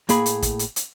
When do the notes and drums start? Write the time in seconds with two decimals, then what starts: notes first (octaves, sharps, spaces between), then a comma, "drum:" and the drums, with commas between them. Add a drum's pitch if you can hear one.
0.09 A2 A#3 G#4 B5, drum: hi-hat
0.26 drum: hi-hat
0.42 drum: kick, hi-hat
0.59 drum: hi-hat
0.76 drum: hi-hat